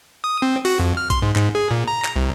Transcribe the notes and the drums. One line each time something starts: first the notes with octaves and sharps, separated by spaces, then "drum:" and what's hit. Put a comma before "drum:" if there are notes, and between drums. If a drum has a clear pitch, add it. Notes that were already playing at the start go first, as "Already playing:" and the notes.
D#6
C4
F#4, drum: open hi-hat
F2
F6
C6, drum: kick B1, hi-hat
G#2
G#2, drum: clap
G#4
A#2
A#5
drum: clap
C2